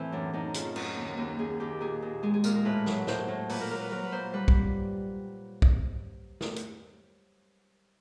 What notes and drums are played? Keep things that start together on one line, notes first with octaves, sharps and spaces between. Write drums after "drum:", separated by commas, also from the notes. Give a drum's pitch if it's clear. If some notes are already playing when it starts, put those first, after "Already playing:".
Already playing: A2 E3 C4
F#2 D4
F#2 D#4
C#3 F4, drum: hi-hat
F#2 F#4, drum: cymbal
D#2
D#2
D#2 G#4
D#2 G4
A#2 G#4
A#2
G#3 G#4
G#4
A#2 A#4, drum: tambourine
A#4
A2 B4
F#3, drum: snare
A2 C5, drum: snare
A2
A#2 B4, drum: open hi-hat
A#4
F#3 A#4
B4
F#3 A#4
B4
A#2 C5
G3 B4
drum: kick
drum: kick
drum: snare
drum: hi-hat